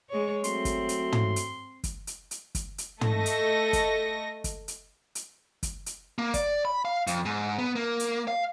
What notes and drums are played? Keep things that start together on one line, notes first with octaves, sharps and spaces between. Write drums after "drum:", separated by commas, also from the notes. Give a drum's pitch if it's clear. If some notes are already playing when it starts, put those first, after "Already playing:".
G#3 C#5
F#3 A3 C4 C6, drum: hi-hat
drum: kick, hi-hat
drum: hi-hat
drum: tom
drum: hi-hat
drum: kick, hi-hat
drum: hi-hat
drum: hi-hat
drum: kick, hi-hat
drum: hi-hat
A3 A4 D#5 C#6 A#6, drum: tom
drum: hi-hat
drum: kick, hi-hat
drum: kick, hi-hat
drum: hi-hat
drum: hi-hat
drum: kick, hi-hat
drum: hi-hat
A#3
D5, drum: kick, hi-hat
B5
F5
F2, drum: hi-hat
G#2
B3
A#3
drum: hi-hat
F5